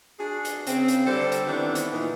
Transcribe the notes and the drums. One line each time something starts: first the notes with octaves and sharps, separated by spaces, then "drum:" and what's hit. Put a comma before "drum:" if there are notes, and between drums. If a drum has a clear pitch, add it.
D4 F#4 G#4
drum: hi-hat
C#3 C4, drum: hi-hat
drum: hi-hat
D3 G3 A4 C5
drum: hi-hat
D#3 E3 B3 C4 D4
drum: hi-hat
A#2 D#3 E3